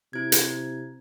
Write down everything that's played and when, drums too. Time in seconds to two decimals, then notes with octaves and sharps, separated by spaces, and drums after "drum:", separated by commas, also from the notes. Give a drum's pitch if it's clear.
0.13 C3 E4 G#6
0.32 drum: hi-hat